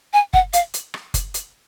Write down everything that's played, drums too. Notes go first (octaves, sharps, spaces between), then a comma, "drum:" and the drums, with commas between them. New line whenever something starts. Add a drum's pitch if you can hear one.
G#5
F#5, drum: kick F#1
F5, drum: hi-hat
drum: hi-hat
drum: rim click
drum: kick F#1, hi-hat
drum: hi-hat